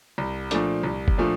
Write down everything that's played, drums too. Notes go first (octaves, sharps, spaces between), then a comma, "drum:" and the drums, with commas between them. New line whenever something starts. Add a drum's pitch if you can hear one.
C2
A#2 F3 A3 D4, drum: hi-hat
C2
drum: kick F#1
A#2 F3 A3 D4